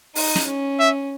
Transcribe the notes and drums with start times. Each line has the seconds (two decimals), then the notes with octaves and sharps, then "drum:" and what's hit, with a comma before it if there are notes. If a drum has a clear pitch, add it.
0.15 D#4, drum: open hi-hat
0.35 drum: snare
0.48 C#4
0.80 E5